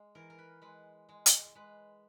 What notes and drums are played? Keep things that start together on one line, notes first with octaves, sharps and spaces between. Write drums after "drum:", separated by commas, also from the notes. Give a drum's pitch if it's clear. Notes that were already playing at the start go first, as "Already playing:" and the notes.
Already playing: G#3
E3 A#4
A#4
B4
G#3 B4
G#3
drum: hi-hat
G#3 B4